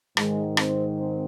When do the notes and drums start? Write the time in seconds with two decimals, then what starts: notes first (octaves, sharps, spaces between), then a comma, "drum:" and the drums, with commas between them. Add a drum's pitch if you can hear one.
0.17 G#2 D#3 G#3, drum: rim click
0.57 C4, drum: rim click
0.97 C4